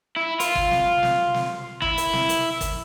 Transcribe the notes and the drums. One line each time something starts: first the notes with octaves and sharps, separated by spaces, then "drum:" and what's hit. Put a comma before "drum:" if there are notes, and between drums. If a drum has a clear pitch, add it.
E4
F4, drum: hi-hat
drum: kick
drum: snare
drum: snare
drum: snare
E4, drum: kick
drum: hi-hat
drum: snare
drum: hi-hat
drum: kick, hi-hat